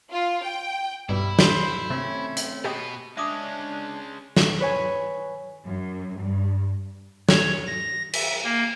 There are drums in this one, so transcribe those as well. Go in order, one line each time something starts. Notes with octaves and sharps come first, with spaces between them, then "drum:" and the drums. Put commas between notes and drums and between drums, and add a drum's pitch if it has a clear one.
F4
G5
B1 G2 G3 E4
D4 C5, drum: snare
C3 A3 C4 C#4
drum: hi-hat
B2 B3 G4 G#4 D#5
G#3 C#4 D4 E5 D6 D#6
drum: snare
B4 C#5 G#5
F#2
G2
C#5, drum: snare
A#6
E5, drum: cymbal
A#3